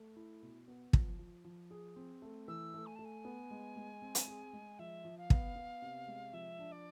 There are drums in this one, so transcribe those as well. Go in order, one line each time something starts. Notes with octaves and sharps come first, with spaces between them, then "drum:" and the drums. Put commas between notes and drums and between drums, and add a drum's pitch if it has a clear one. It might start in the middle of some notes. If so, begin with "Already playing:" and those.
Already playing: A3
E4
B2
B3
F3, drum: kick
F3
F3
G#4
C4
A3
E3 E6
A3
G#5
A3 A5
G#5
B3
G#3
G#3
C4
drum: hi-hat
G#4
G#3
F3 E5
F3
F5
B3, drum: kick
B3
C3
G#3
F3 E5
D4
D5